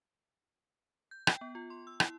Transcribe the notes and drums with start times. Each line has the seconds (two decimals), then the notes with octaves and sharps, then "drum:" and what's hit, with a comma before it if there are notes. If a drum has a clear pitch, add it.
1.11 G6
1.27 G5, drum: rim click
1.41 B3
1.55 F4
1.70 C6
1.87 E6
2.00 E4, drum: rim click